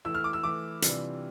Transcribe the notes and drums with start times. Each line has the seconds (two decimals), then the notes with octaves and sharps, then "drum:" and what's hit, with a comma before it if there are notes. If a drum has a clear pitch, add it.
0.05 E3 A3 E4 E6
0.14 F6
0.24 D6
0.33 E6
0.43 E3 A3 E4 D6
0.82 C3 E3 G3 D4 F4, drum: hi-hat